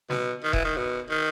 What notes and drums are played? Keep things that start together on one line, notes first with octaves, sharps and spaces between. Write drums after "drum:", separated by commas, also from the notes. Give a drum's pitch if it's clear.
B2, drum: snare
D#3
E3, drum: kick E1
D#3
B2
D#3